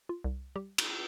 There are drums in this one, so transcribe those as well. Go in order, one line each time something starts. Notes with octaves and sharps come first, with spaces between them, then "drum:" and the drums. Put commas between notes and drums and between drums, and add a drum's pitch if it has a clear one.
F4
C2
G3 G4
drum: cymbal